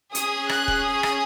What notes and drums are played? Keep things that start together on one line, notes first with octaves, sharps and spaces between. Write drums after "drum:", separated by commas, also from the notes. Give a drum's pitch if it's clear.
C#4 G#4 D#6, drum: hi-hat
F#6, drum: rim click
drum: kick D#1
D#6
drum: rim click